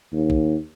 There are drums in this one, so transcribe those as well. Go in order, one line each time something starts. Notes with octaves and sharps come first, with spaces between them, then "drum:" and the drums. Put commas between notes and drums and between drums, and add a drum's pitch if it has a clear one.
D#2
drum: kick A#1